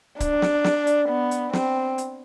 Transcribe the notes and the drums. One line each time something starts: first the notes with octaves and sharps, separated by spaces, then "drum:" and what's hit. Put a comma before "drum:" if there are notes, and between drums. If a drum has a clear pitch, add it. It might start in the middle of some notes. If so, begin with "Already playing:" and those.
D4, drum: kick C#1, hi-hat
drum: snare
drum: snare
drum: hi-hat
B3
drum: hi-hat
C4, drum: snare
drum: hi-hat